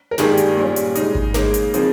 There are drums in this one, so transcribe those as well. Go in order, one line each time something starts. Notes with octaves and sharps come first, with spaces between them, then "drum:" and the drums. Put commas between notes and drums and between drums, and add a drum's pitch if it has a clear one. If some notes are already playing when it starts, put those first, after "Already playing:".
A#4
G2 D#3 G3 G#3 A#3 D#4 G#4, drum: snare
drum: hi-hat
A#2 G3 C#4
drum: hi-hat
C#3 G#3 D#4, drum: hi-hat
drum: kick G#1
C#3 G#3 A#3 D#4 A#4, drum: snare
drum: hi-hat
C#3 F3 C4 D#4, drum: hi-hat